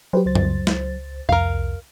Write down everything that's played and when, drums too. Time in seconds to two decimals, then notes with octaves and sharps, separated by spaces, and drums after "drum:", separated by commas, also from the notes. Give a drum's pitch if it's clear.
0.13 F#3 G4 B4 C5
0.26 C#2 C5 A6
0.35 drum: tom
0.67 drum: snare
1.29 C2 F2 A#4 F5